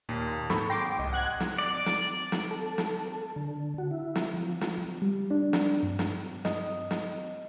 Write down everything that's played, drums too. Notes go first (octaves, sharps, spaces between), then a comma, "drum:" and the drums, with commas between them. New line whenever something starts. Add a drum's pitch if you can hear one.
D#2 A#2
G#2 A4 B5 C#6, drum: snare
G5 C6 D6 A#6
C2 D#5
F#5 F#6 G#6
drum: snare
D5
drum: snare
drum: snare
A4
drum: snare
A4
D3
F#4
E4
drum: snare
F3
drum: snare
G3
D4
drum: snare
G2
drum: snare
D#5, drum: snare
drum: snare